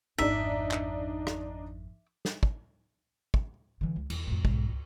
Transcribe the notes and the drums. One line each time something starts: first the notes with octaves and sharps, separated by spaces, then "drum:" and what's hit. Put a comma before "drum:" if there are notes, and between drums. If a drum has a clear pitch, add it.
G#1 F2 D4 D#4 E5
drum: clap
drum: rim click
drum: snare
drum: kick
drum: kick
D3 E3
C#2
E2, drum: cymbal
F2 A2
B1 G#2, drum: kick
C#2